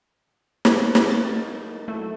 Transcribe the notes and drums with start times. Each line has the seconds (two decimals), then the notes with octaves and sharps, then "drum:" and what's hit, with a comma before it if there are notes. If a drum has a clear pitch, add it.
0.65 drum: snare
0.95 drum: snare
1.10 A#3 B3 A6
1.27 G#3 A#3 D#4
1.88 E3 F#3 A3